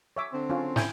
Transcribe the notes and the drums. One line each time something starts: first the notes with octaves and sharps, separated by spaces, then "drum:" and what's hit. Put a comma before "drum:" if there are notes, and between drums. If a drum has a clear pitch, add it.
C#5 E5 D6
D3 C4
C#4 F4
E4 G5 G#5, drum: snare